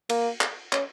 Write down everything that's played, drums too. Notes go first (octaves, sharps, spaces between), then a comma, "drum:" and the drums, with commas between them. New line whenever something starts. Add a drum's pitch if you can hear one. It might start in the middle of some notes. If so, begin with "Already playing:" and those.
A#3, drum: cymbal
drum: clap
C#4, drum: clap